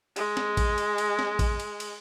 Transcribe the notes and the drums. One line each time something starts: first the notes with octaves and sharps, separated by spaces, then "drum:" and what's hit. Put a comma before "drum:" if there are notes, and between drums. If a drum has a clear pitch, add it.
G#3, drum: cymbal
drum: snare
drum: kick A1, cymbal
drum: cymbal
drum: cymbal
drum: snare
drum: kick A1, cymbal
drum: cymbal
drum: cymbal